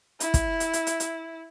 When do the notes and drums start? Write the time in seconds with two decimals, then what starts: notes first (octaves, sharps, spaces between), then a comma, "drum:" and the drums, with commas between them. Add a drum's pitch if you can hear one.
0.20 E4, drum: hi-hat
0.34 drum: kick, hi-hat
0.60 drum: hi-hat
0.73 drum: hi-hat
0.87 drum: hi-hat
1.00 drum: hi-hat